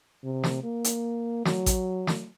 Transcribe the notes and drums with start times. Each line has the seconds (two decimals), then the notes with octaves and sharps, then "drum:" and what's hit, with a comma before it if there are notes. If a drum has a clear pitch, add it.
0.23 C3
0.44 drum: snare
0.63 A#3
0.84 drum: hi-hat
1.45 F#3, drum: snare
1.66 drum: kick A1, hi-hat
2.07 drum: snare